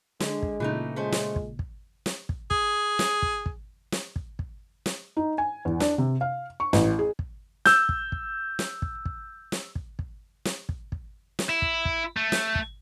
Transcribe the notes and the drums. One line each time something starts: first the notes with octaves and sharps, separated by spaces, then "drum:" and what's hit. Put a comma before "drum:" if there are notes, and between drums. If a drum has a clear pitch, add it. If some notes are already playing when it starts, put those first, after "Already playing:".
D3 G#3, drum: snare
drum: kick
A#2 C#3 E3 A3 D#4
G#3 A3 C#4 C5
drum: snare
drum: kick
drum: kick
drum: snare
drum: kick
G#4, drum: kick
drum: snare
drum: kick
drum: kick
drum: snare
drum: kick
drum: kick
drum: snare
D#4
G#5
E2
D4, drum: snare
C3
F5
C#6
A1, drum: snare
G#4
drum: kick
E6 G6, drum: snare
drum: kick
drum: kick
drum: snare
drum: kick
drum: kick
drum: snare
drum: kick
drum: kick
drum: snare
drum: kick
drum: kick
drum: snare
E4
drum: kick
drum: kick
A3
drum: snare
drum: kick